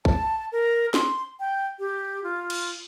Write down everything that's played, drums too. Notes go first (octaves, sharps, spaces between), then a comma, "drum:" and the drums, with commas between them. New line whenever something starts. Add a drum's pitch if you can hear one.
A5, drum: kick A#1
A#4
C6, drum: snare
G5
G4
F4
drum: cymbal